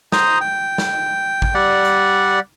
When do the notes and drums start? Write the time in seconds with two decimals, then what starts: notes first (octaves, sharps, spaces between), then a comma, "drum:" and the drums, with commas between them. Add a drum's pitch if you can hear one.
0.12 C5 A#5 D#6, drum: snare
0.41 G5
0.78 drum: snare
1.42 drum: kick
1.54 G3 D5 F#5
1.85 drum: hi-hat